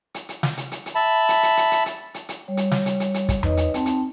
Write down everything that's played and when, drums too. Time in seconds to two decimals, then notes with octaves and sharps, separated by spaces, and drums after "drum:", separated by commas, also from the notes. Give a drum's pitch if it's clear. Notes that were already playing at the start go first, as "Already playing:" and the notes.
0.14 drum: hi-hat
0.29 drum: hi-hat
0.43 drum: snare
0.57 drum: hi-hat
0.72 drum: hi-hat
0.86 drum: hi-hat
0.95 E5 A5 B5
1.29 drum: hi-hat
1.43 drum: hi-hat
1.57 drum: hi-hat
1.72 drum: hi-hat
1.86 drum: hi-hat
2.14 drum: hi-hat
2.29 drum: hi-hat
2.48 G3 C#5
2.57 drum: hi-hat
2.71 drum: snare
2.86 drum: hi-hat
3.00 drum: hi-hat
3.14 drum: hi-hat
3.29 drum: kick, hi-hat
3.43 D#4 B4 C#5 D#5, drum: tom E2
3.57 drum: hi-hat
3.74 C4 D#4 G5 A5, drum: hi-hat
3.86 drum: hi-hat